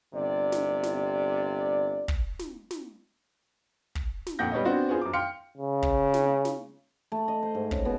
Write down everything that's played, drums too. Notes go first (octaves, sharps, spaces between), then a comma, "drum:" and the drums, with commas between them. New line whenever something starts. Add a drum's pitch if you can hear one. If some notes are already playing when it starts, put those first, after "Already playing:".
G1 C3 D5
drum: snare
drum: snare
drum: kick
drum: snare
drum: snare
drum: kick
drum: snare
F2 A#2 F#5 G5 G6 A#6
G3 B3 C#5 D#5
B3 C4 D4 F#4 C5
B3 F4 G#4 C5
F#2 D6
F5 G5 C6 F6 C#7
C#3
drum: kick
drum: snare
drum: snare
A3
D#5
C5
G#2
C#3, drum: kick
B2